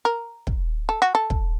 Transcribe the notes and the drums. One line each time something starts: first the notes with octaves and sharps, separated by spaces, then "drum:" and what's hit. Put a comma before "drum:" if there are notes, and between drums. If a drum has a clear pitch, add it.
A#4
drum: kick
A4
F#4
A4
drum: kick